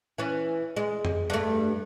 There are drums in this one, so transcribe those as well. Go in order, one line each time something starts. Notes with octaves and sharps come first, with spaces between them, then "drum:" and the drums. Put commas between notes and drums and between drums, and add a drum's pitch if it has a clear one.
E3 C#4
G#3
drum: tom F2
G2 A3